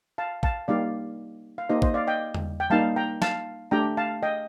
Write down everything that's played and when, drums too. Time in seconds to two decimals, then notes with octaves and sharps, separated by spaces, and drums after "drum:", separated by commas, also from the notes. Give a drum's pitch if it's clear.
0.18 F5 A5
0.43 F5 A5, drum: kick
0.68 G3 A#3 D#4 G4 D5 F5
1.58 F5
1.69 A#3 D#4 G4 C5 D#5
1.82 C5 D#5, drum: kick
1.94 D5 F5
2.07 D#5 G5
2.34 drum: tom E2
2.60 G5
2.70 G3 A#3 D#4 F5 A5
2.96 G5 A#5
3.22 F5 A5, drum: snare
3.71 A3 D4 G4 G5 A#5
3.97 F5 A5
4.23 D#5 G5